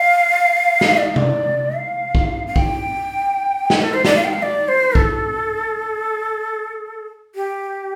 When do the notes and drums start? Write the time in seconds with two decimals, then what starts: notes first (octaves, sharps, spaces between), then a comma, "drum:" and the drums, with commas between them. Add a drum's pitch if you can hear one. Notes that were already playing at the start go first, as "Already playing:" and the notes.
Already playing: F5
0.81 drum: snare
0.97 D5
1.06 F5
1.16 D5, drum: tom C3
1.77 F5
2.15 drum: kick
2.47 F5
2.56 G5, drum: kick
3.70 drum: snare
3.82 A4
3.94 C5
4.05 D5, drum: snare
4.16 F5
4.24 G5
4.33 F5
4.43 D5
4.68 C5
4.95 A4, drum: kick
7.35 G4